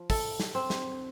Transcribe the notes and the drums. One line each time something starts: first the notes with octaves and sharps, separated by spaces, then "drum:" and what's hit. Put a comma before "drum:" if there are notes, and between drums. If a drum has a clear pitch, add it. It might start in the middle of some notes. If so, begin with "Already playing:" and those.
Already playing: F3
A4, drum: kick, open hi-hat
drum: snare
C4
drum: snare